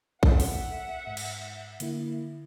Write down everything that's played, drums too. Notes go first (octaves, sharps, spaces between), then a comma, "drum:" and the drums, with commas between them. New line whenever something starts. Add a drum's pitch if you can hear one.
A4 E5 F#5, drum: kick A#1
drum: open hi-hat
G#2
drum: cymbal
D3 A#3 E4, drum: hi-hat